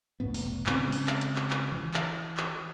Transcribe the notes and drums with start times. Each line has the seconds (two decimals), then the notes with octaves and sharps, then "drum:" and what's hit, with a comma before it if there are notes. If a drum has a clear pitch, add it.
0.20 F1 B1 A2 B3
0.34 drum: open hi-hat
0.66 C#3 G#3 C4 C#4, drum: clap
0.92 drum: open hi-hat
1.07 drum: clap
1.21 drum: hi-hat
1.36 drum: clap
1.50 drum: clap
1.72 E3
1.94 drum: clap
2.37 drum: clap